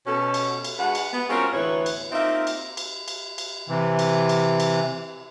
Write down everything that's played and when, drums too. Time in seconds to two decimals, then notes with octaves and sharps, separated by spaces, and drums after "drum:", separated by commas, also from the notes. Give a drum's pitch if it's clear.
0.06 B2 C#4 A4
0.34 drum: cymbal
0.64 drum: cymbal
0.78 G#3 D4 F#4 B4 F#5
0.95 drum: cymbal
1.13 B3
1.29 G#3 C4 C#4 F4 F#4 A#4
1.53 D2 A2 E3 B3 B4 C#5
1.86 drum: cymbal
2.12 A#3 C4 D#4 F4 E5
2.47 drum: cymbal
2.77 drum: cymbal
3.08 drum: cymbal
3.38 drum: cymbal
3.68 C3 E3
3.99 drum: cymbal
4.29 drum: cymbal
4.60 drum: cymbal